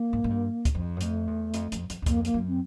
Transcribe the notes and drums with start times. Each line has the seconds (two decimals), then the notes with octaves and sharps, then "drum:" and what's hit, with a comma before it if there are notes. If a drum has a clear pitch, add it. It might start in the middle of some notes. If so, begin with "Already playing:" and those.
Already playing: A#3
0.13 G#2
0.24 G#2
0.30 G2
0.65 drum: kick C#2, hi-hat
0.75 F2
0.96 F#2
1.01 F2 A3, drum: hi-hat
1.27 E2
1.54 F2, drum: hi-hat
1.72 F2, drum: hi-hat
1.90 F2, drum: hi-hat
2.02 E2
2.06 F2 A#3, drum: kick C#2, hi-hat
2.25 A#3, drum: hi-hat
2.34 F#2
2.48 C4